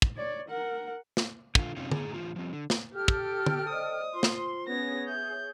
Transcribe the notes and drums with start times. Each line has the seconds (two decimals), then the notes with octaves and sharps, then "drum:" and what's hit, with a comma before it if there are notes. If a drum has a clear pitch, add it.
0.02 drum: kick
0.17 C#5 D5
0.49 A#4 F#5
1.17 drum: snare
1.55 D3 F4, drum: kick
1.77 F#2 C3 C#4 D#4 F4
1.92 A2 G#4 A#5, drum: tom D3
2.14 A2 E3 F3 A#3 F4
2.36 F3 G3 C4
2.53 D3
2.70 drum: snare
2.94 G4 A4 G5 F6
3.08 drum: kick
3.46 drum: tom D3
3.69 C5 D5 D#5 D#6
4.14 F4 C5 C6
4.23 drum: snare
4.67 B3 C#4 G#4 C#5 A#6
5.08 E5 G6